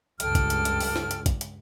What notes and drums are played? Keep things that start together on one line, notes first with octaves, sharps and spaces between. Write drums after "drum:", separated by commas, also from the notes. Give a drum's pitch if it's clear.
C#2 G2 A4 G5 F6, drum: hi-hat
drum: kick, hi-hat
drum: hi-hat
drum: hi-hat
drum: open hi-hat
drum: snare
drum: hi-hat
drum: kick, hi-hat
drum: hi-hat